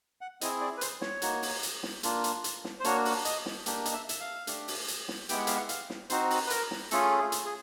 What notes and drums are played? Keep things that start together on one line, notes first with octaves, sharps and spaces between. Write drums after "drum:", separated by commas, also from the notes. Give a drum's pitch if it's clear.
F#5
C4 E4 G#4 D#5, drum: hi-hat
D5
B4
C5, drum: hi-hat
C#5, drum: snare
A#3 D#4 F#4, drum: hi-hat
drum: open hi-hat
drum: hi-hat
drum: snare
A#3 D4 F4, drum: hi-hat
drum: hi-hat
drum: hi-hat
drum: snare
C5
A#3 D4 F#4 C#5, drum: hi-hat
drum: open hi-hat
D#5, drum: hi-hat
drum: snare
A#3 D4 G4, drum: hi-hat
D#5, drum: hi-hat
E5
E5, drum: hi-hat
F5
A3 D4 G4, drum: hi-hat
drum: open hi-hat
drum: hi-hat
drum: snare
G#3 B3 E4 G4 G5, drum: hi-hat
F#5
F5, drum: hi-hat
F#5
F5, drum: hi-hat
drum: snare
C4 D#4 F#4 C5, drum: hi-hat
drum: open hi-hat
B4
A#4, drum: hi-hat
drum: snare
A3 C#4 F4 G#4 A4, drum: hi-hat
G#4
drum: hi-hat
G#4